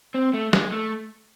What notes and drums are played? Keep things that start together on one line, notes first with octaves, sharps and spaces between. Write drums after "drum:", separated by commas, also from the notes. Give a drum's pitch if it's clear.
C4
A3
G#3, drum: snare
A3